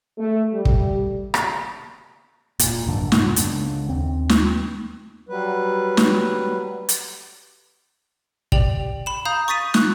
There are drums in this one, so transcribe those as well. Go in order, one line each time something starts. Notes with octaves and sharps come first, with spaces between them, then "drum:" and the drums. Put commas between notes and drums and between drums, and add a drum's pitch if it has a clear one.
A3
G3
drum: kick
drum: rim click
E1 A#2, drum: hi-hat
G#1 C#2 F#2 D3
C#2 F#2 A2 B3, drum: snare
C#2 D3, drum: hi-hat
D#2 C4
drum: snare
F#3 G3 B4
drum: snare
drum: hi-hat
G4 D5 G5 F7 F#7, drum: kick
B5 E7
F5 A#5 D#6 G6
C#6 D#6 A6 B6 D#7
C#6 F#6, drum: snare